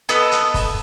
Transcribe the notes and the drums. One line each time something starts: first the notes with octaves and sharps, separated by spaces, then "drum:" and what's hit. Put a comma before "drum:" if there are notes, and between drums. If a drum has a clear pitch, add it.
B3 A4 D#5, drum: hi-hat
drum: hi-hat
drum: kick, open hi-hat